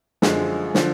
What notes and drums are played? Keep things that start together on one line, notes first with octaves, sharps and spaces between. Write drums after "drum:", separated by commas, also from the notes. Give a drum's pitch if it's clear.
F#2 D3 F3 G#3, drum: snare
D3 F3, drum: snare